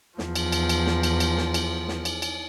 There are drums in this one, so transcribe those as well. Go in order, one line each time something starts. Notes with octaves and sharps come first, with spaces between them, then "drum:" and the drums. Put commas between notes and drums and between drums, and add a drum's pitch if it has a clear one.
E2 F3, drum: snare
drum: cymbal
drum: cymbal
drum: cymbal
drum: snare
drum: cymbal
drum: cymbal
drum: snare
drum: cymbal
drum: snare
drum: cymbal
drum: cymbal